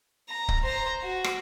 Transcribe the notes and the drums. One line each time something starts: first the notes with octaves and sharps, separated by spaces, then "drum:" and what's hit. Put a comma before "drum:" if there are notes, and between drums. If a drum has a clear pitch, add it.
A#5
drum: kick C#1
C5 A#5
F#4
drum: rim click